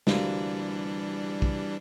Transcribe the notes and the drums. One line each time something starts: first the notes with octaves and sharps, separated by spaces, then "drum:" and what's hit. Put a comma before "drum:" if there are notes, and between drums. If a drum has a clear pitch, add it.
D2 C3 E3 G3 A#3 D4, drum: snare
drum: kick